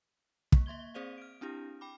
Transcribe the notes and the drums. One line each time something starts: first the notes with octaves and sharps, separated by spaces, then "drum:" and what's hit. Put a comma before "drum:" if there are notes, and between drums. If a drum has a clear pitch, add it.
A#3, drum: kick
A#3 E5 C6 G#6 G7
C4 G#4 C5 D5 F5
F6 D7
C4 D4 E4 G4
G5 B5 D6